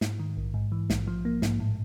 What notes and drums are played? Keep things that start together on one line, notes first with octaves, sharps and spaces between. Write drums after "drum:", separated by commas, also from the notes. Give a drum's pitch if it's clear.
G#2, drum: snare
D#3
A#1
G#2
E3
A#1, drum: snare
F3
A#3
G#2, drum: snare
A2